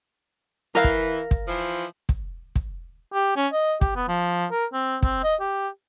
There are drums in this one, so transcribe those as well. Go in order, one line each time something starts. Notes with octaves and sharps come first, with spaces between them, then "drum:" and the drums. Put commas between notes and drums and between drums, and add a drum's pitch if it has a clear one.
E3 A#4 F5
drum: kick
drum: kick
E3 F3
drum: kick
drum: kick
G4
C#4
D#5
G4, drum: kick
B3
F3
A#4
C4
C4, drum: kick
D#5
G4